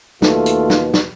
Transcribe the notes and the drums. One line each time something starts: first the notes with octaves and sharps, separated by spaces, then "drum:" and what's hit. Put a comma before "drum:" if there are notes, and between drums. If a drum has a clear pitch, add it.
D#2 B2 A3 F4, drum: snare
drum: hi-hat
drum: snare
drum: snare